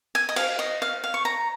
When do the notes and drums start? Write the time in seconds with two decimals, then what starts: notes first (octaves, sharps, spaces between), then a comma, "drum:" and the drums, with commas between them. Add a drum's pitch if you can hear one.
0.15 G#5
0.29 D#5
0.36 F5, drum: cymbal
0.59 D#5
0.82 F5
1.04 F5
1.14 C#6
1.25 A#5